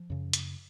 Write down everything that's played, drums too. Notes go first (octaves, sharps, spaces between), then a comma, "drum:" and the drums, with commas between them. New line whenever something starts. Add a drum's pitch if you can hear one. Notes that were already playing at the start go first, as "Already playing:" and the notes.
Already playing: F3
F#2 C#3
drum: hi-hat